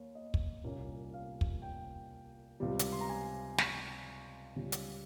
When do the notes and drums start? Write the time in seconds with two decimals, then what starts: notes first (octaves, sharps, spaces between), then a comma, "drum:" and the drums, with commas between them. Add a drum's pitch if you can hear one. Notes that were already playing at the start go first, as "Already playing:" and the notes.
Already playing: D#2 C#5
0.15 D#5
0.34 drum: kick
0.64 C2 A#2 G3 A#3 C#4
1.14 F5
1.41 drum: kick
1.62 G5
2.60 C#2 C3 G3
2.79 drum: hi-hat
2.92 C6
3.01 A#5
3.09 G#5
3.58 C#6, drum: snare
4.56 C#2 C#3 G3
4.72 drum: hi-hat